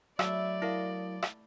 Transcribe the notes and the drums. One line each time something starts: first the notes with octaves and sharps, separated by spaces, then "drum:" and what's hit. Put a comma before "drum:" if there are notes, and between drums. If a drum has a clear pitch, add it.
F#3 A3 E4 D5 E6, drum: rim click
E4 A4 A#4 F5
drum: rim click